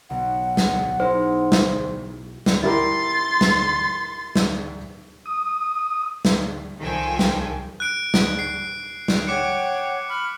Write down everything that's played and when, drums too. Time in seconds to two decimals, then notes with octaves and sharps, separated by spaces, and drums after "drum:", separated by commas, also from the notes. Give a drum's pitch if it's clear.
0.10 B1 F#5
0.57 drum: snare
1.00 D#4 E4 G#4 C5
1.52 drum: snare
2.46 drum: snare
2.63 E4 G4 A#4 C6 A6
3.41 drum: snare
4.36 drum: snare
5.26 D#6
6.25 drum: snare
6.79 C2 D#3 F3 A4 G5 G#5
7.19 drum: snare
7.80 F#6 D7
8.14 drum: snare
8.39 C7
9.08 drum: snare
9.27 C#5 F#5 G5 D6 F#6 C#7
10.09 B5 F6 F#6